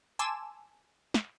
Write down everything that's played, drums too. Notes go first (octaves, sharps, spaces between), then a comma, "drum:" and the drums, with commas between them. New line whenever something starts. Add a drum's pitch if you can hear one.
G#5 A5 C6 D6 E6 E7
drum: snare